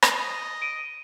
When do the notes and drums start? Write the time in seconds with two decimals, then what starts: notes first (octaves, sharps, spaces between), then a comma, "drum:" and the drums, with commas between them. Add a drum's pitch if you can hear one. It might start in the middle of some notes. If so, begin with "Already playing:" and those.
0.02 drum: rim click
0.17 D#5
0.62 D7 D#7